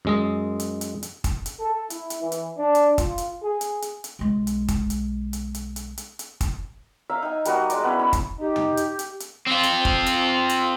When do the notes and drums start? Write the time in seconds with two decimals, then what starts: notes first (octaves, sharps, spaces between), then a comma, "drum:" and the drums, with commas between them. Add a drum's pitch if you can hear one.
0.05 F#2 G#3 D#5
0.60 drum: hi-hat
0.81 drum: hi-hat
1.03 drum: hi-hat
1.24 drum: kick, hi-hat
1.46 drum: hi-hat
1.60 A4
1.90 E4, drum: hi-hat
2.10 drum: hi-hat
2.22 E3
2.32 drum: hi-hat
2.57 D4
2.75 drum: hi-hat
2.98 F4, drum: kick, hi-hat
3.18 drum: hi-hat
3.43 G#4
3.61 drum: hi-hat
3.82 drum: hi-hat
4.04 drum: hi-hat
4.19 B1 G#3
4.47 drum: hi-hat
4.68 drum: kick, hi-hat
4.90 drum: hi-hat
5.33 drum: hi-hat
5.54 drum: hi-hat
5.76 drum: hi-hat
5.98 drum: hi-hat
6.19 drum: hi-hat
6.41 drum: kick, hi-hat
7.10 E5 F5 A#5
7.22 D#4 G#5
7.45 G3 A#3 F#4 D#5, drum: hi-hat
7.70 G#3 D5 D6, drum: hi-hat
7.84 B3 C#4 E4
7.99 C#4 B5
8.13 drum: kick, hi-hat
8.40 D#4 G4
8.56 drum: tom
8.77 drum: hi-hat
8.99 drum: hi-hat
9.20 drum: hi-hat
9.47 C4 F4
9.63 drum: hi-hat
9.85 drum: kick
10.06 drum: hi-hat
10.49 drum: hi-hat